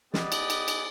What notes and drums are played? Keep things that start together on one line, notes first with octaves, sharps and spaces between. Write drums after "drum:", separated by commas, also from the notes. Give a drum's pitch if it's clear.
B3 G4 D5 D#5, drum: snare
drum: cymbal
drum: cymbal
drum: cymbal